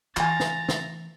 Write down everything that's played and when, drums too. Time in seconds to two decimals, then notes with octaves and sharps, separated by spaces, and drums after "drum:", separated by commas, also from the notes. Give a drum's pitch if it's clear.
0.17 E3 F4 G#5 A#5 A6, drum: clap
0.40 drum: snare
0.69 drum: snare